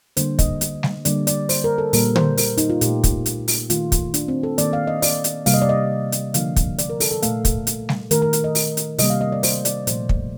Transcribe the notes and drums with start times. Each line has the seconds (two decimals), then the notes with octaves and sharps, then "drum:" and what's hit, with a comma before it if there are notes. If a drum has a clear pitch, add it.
0.17 D3 G3 A#3 C5, drum: hi-hat
0.39 D#5, drum: kick, hi-hat
0.61 drum: hi-hat
0.83 drum: snare G3
1.05 D3 G3 A#3 D5, drum: hi-hat
1.27 D5, drum: hi-hat
1.49 C5, drum: open hi-hat
1.64 A#4
1.78 A4
1.93 A#2 G3 A#3 A#4, drum: open hi-hat
2.16 C5, drum: tom D3
2.37 A#4, drum: open hi-hat
2.58 D#4, drum: hi-hat
2.70 F4
2.81 A#2 A3 G4, drum: hi-hat
3.04 drum: kick, hi-hat
3.26 drum: hi-hat
3.48 drum: open hi-hat
3.70 D#3 A3 F4, drum: hi-hat
3.92 drum: kick, hi-hat
4.14 D4, drum: hi-hat
4.28 C4
4.43 A4
4.58 D#3 A#3 D5, drum: hi-hat
4.73 F5
4.87 D#5
5.02 D5, drum: open hi-hat
5.24 drum: hi-hat
5.46 C3 G3 A#3 F5, drum: open hi-hat
5.54 D#5
5.62 D5
5.69 D#5
6.12 drum: hi-hat
6.34 D3 F3 A#3 F5, drum: hi-hat
6.56 drum: kick, hi-hat
6.78 D5, drum: hi-hat
6.90 A#4
7.00 A4, drum: open hi-hat
7.11 A4
7.22 A#2 A3 F5, drum: hi-hat
7.45 drum: kick, hi-hat
7.67 drum: hi-hat
7.89 drum: snare G3
8.11 D#3 A3 A#4, drum: hi-hat
8.22 A#4
8.33 drum: hi-hat
8.44 D#5
8.55 drum: open hi-hat
8.77 drum: hi-hat
8.98 C3 G3 A#3 D#5, drum: open hi-hat
9.10 F5
9.21 D#5
9.32 D5
9.43 C5, drum: open hi-hat
9.65 D5, drum: hi-hat
9.87 A#2 F3 A3 C5, drum: hi-hat
10.09 drum: kick